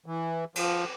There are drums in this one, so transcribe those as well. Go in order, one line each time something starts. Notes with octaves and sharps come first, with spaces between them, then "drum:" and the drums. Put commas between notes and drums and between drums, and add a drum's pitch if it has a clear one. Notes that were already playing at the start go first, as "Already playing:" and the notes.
E3
F3, drum: cymbal